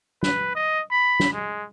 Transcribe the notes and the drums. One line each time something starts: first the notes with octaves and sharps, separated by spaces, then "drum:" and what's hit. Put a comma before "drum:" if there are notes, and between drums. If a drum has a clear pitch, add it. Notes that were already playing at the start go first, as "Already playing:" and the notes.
B4, drum: snare
D#5
B5
drum: snare
G#3